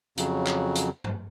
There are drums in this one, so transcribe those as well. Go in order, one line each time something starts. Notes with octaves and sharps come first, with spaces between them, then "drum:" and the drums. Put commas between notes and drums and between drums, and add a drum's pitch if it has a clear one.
F2 C#3 F#3, drum: hi-hat
drum: clap
drum: hi-hat
drum: tom